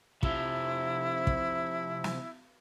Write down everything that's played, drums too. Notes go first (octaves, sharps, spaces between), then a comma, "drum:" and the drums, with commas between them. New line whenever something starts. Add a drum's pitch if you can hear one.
C3 F3 E4, drum: kick
drum: kick
drum: snare